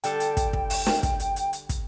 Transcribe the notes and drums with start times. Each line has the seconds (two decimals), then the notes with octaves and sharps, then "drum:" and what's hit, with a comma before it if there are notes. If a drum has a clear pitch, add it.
0.04 D3 G3 A4 G5, drum: hi-hat
0.20 drum: hi-hat
0.37 drum: kick, hi-hat
0.53 drum: kick
0.70 drum: open hi-hat
0.86 drum: snare
1.03 drum: kick, hi-hat
1.20 drum: hi-hat
1.36 drum: hi-hat
1.53 drum: hi-hat
1.69 drum: kick, hi-hat